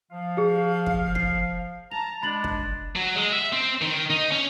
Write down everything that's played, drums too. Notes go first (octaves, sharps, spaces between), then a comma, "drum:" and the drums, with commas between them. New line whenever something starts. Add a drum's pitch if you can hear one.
F3 F5
G4 G#4
drum: kick
C7, drum: kick
A5 A#5 F7
G#3 D4 B5 A6 F#7
drum: kick
F#3
G#3
E5
C4
D#3
D#4
C#4